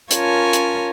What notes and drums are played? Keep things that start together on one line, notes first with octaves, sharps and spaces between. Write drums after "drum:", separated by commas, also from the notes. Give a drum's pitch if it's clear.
C#4 F4 A#4 C#5 G#5 A5, drum: hi-hat
drum: hi-hat